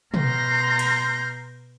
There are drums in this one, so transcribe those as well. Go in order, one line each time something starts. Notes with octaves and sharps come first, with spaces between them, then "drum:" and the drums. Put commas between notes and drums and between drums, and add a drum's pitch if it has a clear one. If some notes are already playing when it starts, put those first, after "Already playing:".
B2 A#5 C6 F6 G6 A#6, drum: tom
drum: cymbal